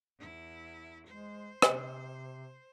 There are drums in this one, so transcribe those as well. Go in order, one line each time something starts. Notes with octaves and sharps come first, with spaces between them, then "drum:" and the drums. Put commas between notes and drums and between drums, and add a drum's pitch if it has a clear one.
E2 E4
G#3 C5
C3, drum: rim click